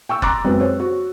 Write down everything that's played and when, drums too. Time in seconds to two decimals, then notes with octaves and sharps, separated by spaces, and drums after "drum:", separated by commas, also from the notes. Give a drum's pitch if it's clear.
0.09 G5 C#6 E6
0.22 A#5 C6 D6 F#6 A6, drum: kick F#1
0.45 F#2 G#3 B3 C4
0.61 C5 C#5
0.80 F#4